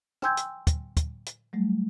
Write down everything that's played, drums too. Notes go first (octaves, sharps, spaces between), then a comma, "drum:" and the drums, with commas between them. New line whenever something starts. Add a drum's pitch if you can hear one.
G5 G#5 C6 E6 G6 G#6, drum: rim click
drum: hi-hat
drum: kick, hi-hat
drum: kick, hi-hat
drum: hi-hat
F#3 G3 A3